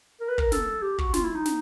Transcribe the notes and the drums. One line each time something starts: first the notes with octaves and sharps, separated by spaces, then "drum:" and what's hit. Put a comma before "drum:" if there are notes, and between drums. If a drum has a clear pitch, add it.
A#4
B4
A#4, drum: kick
A4, drum: snare
G4
F#4, drum: kick
F4, drum: snare
E4
D#4
drum: snare